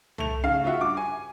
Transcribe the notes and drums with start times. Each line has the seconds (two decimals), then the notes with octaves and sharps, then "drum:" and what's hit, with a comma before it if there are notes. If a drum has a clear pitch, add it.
0.18 A3 F7, drum: tom C2
0.43 C#3 F5
0.64 F4 F#4 E5 F#5
0.79 G2 D6
0.97 G#5